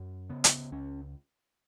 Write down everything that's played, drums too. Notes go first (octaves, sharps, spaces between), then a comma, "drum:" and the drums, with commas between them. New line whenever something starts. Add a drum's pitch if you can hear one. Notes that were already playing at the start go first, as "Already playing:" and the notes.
Already playing: F#2
C#3 B3
drum: hi-hat
C#2 C#4